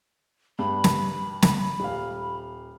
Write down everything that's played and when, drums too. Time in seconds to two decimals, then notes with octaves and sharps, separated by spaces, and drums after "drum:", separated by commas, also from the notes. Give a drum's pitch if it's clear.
0.59 G2 B5
0.84 drum: snare
1.42 drum: snare
1.80 D#1 F5